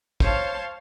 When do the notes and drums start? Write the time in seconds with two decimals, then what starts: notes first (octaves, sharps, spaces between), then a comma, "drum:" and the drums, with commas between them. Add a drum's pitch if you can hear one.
0.20 C5 C#5 F5 A5 C6, drum: kick